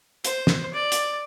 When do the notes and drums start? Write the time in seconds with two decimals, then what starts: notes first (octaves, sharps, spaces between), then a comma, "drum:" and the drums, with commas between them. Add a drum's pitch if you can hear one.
0.25 C5, drum: hi-hat
0.47 drum: snare
0.73 D5
0.92 drum: hi-hat